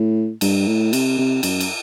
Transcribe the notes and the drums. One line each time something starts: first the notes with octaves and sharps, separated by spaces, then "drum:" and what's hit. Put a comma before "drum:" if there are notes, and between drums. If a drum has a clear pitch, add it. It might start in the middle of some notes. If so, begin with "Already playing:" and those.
Already playing: A2
G2, drum: cymbal
A2
C3, drum: cymbal
C3
F#2, drum: cymbal
drum: cymbal